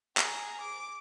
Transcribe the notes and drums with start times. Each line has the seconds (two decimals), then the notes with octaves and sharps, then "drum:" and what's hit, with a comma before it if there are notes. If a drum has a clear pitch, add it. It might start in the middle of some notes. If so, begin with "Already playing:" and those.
0.17 G#4 A#5, drum: clap
0.61 D6